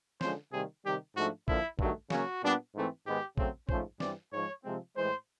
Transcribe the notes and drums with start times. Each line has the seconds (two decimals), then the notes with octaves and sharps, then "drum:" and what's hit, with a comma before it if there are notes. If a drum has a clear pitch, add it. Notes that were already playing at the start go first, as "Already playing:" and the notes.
0.21 D3 F3 G#3 C#4 C5, drum: snare
0.52 C3 D#3 G3 A#3 G#4
0.84 C3 D#3 G3 G4
1.16 G#2 F3 A3 D4 F#4
1.48 D3 F3 A#3 E4, drum: kick A#1
1.79 G2 D#3 F#3 A3, drum: kick A#1
2.10 C#3 F#3 A#3 C#4 F#4, drum: snare
2.42 A#2 G3 B3 D4
2.75 G#2 E3 A3 C4
3.05 G#2 D#3 G#3 B3 G4
3.38 C#3 F#3 A3 C4, drum: kick A#1
3.69 G#2 F3 A3 C#4 C5, drum: kick A#1
4.00 G2 E3 G3 C4 D5, drum: snare
4.33 G#2 F3 G#3 C#5
4.64 C3 F3 G#3 C4
4.96 A2 E3 G#3 C5